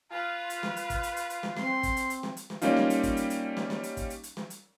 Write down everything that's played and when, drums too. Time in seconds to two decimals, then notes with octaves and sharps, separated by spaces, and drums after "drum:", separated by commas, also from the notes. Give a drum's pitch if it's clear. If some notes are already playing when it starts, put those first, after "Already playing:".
0.11 F4 B4
0.50 drum: hi-hat
0.63 drum: snare
0.76 drum: hi-hat
0.90 drum: kick, hi-hat
1.03 drum: hi-hat
1.17 drum: hi-hat
1.30 drum: hi-hat
1.43 drum: snare
1.57 C4 C6, drum: snare
1.83 drum: kick, hi-hat
1.97 drum: hi-hat
2.10 drum: hi-hat
2.23 drum: snare
2.37 drum: hi-hat
2.50 drum: snare
2.62 G3 A#3 C#4 D#4 F4, drum: hi-hat
2.77 drum: snare
2.90 drum: hi-hat
3.03 drum: kick, hi-hat
3.17 drum: hi-hat
3.30 drum: hi-hat
3.57 drum: snare
3.70 drum: snare
3.83 drum: hi-hat
3.97 drum: kick, hi-hat
4.10 drum: hi-hat
4.24 drum: hi-hat
4.37 drum: snare
4.50 drum: hi-hat